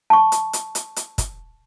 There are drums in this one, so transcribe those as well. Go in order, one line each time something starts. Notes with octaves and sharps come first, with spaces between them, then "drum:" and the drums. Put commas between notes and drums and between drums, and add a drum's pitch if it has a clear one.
A5 C#6
drum: hi-hat
drum: hi-hat
drum: hi-hat
drum: hi-hat
drum: kick, hi-hat